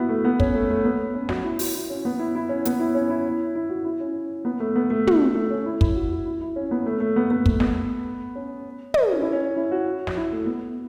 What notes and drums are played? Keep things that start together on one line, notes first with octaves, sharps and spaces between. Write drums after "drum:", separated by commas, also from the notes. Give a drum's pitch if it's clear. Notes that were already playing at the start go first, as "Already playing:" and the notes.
Already playing: B3 E4 F#4
A3
B3
C#4, drum: kick
A3
A3
B3
C#4
F#4, drum: snare
E4
F#4, drum: open hi-hat
E4
C#4
B3
E4
E4
C#4
B3, drum: hi-hat
E4
C#4
E4
E4
F#4
E4
C#4
B3
A3
B3
A3
drum: tom
A3
C#4
E4
E4, drum: kick
F#4
F#4
E4
E4
C#4
B3
A3
A3
B3
B3
A3, drum: kick
B3, drum: snare
C#4
drum: tom
C#4
E4
C#4
E4
F#4
drum: snare
E4
A3
B3